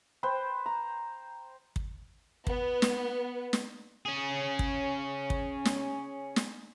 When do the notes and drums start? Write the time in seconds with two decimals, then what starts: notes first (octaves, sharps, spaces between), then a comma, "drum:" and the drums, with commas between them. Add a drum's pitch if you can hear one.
0.23 B4 C5 G5
0.66 A#5
1.76 drum: kick
2.47 B3, drum: kick
2.82 drum: snare
3.53 drum: snare
4.05 C#4 G#4
4.59 drum: kick
5.30 drum: kick
5.65 drum: snare
6.36 drum: snare